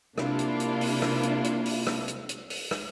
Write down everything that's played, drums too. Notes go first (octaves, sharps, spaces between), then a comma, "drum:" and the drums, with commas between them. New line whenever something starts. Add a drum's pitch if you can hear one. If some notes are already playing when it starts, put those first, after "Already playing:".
C3 A#3 D4 E4 F4, drum: rim click
drum: hi-hat
drum: hi-hat
drum: open hi-hat
drum: rim click
drum: hi-hat
drum: hi-hat
drum: open hi-hat
drum: rim click
drum: hi-hat
drum: hi-hat
drum: open hi-hat
drum: rim click